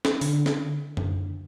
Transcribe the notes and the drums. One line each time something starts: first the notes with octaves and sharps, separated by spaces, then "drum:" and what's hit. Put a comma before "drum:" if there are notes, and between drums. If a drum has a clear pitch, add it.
drum: snare
D3, drum: open hi-hat
drum: snare
drum: tom F#2